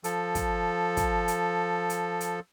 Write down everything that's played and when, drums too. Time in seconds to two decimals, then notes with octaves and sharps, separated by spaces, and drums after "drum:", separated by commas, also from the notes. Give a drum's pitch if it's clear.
0.04 F3 A4, drum: hi-hat
0.35 drum: kick, hi-hat
0.97 drum: kick, hi-hat
1.28 drum: hi-hat
1.90 drum: hi-hat
2.21 drum: hi-hat